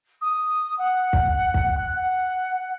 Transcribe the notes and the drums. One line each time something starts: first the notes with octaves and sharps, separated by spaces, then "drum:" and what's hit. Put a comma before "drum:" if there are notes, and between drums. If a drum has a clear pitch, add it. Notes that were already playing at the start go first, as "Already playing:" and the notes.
D#6
F#5
drum: kick
drum: kick
F#6
F#5